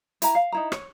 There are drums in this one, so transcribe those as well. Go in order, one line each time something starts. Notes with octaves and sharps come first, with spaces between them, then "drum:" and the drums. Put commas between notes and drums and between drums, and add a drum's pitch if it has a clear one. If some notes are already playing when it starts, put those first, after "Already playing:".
E4 A#5, drum: hi-hat
F5
D#4 E4 A#5
C#5, drum: rim click